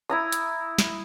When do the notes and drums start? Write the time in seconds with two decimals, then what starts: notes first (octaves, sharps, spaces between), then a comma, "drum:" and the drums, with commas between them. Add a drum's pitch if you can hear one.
0.09 E4 A#5 D#6
0.32 drum: hi-hat
0.78 drum: snare